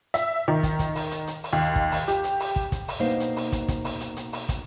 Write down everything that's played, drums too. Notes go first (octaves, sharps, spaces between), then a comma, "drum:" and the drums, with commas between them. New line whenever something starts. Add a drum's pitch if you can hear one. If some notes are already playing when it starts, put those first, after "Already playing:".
E5, drum: hi-hat
D#3
drum: kick, hi-hat
drum: kick, hi-hat
drum: open hi-hat
drum: hi-hat
drum: hi-hat
drum: open hi-hat
D#2
drum: kick
drum: open hi-hat
G4, drum: hi-hat
drum: hi-hat
drum: open hi-hat
drum: kick
drum: kick, hi-hat
drum: open hi-hat
B2 A#3 D4 D#4 C5
drum: hi-hat
drum: open hi-hat
drum: kick, hi-hat
drum: kick, hi-hat
drum: open hi-hat
drum: hi-hat
drum: hi-hat
drum: open hi-hat
drum: kick, hi-hat